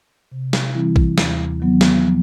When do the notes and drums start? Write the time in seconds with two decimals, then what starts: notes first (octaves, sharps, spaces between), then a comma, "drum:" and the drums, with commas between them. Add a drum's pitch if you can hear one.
0.32 C3
0.53 drum: snare
0.75 E3 G3 C4 E4
0.96 drum: kick A#1
1.18 D#2, drum: snare
1.60 D#3 F#3 B3
1.81 drum: snare
2.02 F3